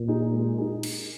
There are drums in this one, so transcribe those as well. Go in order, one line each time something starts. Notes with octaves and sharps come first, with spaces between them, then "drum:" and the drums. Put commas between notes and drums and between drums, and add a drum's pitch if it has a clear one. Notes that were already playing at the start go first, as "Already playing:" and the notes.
Already playing: A#2
D#4 G#4
G#3
D#4 G#4
drum: cymbal